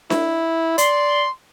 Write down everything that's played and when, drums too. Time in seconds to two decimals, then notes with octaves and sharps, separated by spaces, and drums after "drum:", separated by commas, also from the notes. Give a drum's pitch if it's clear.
0.10 E4, drum: snare D4
0.78 D5 C6, drum: hi-hat